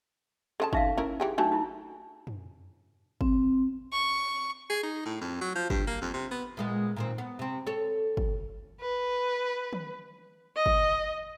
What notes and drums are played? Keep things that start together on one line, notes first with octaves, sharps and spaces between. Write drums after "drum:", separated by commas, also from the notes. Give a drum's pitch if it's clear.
C#3 F4 A4 A5
C#4 D#4 E5 F5, drum: kick G1
C#4 E4 A#4
E3 G4 G#4
F#3 A3 D4 D#4
D#4 E4
drum: tom
C4, drum: kick G1
C#6
G#4
D#4
A2
F2
F#3
F3
G2, drum: kick G1
A#3
F2
C3
B3
A#2 G#3 B3
A#2 D#3 C4
B3
C3 C4
A4 C#5
drum: kick G1
B4
drum: tom
D#5
drum: kick G1